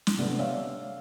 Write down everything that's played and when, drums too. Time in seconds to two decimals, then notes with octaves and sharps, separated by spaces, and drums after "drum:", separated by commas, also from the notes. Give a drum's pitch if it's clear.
0.07 drum: snare
0.19 C3 A3 B3 D4
0.38 C#5 D5 E5 F5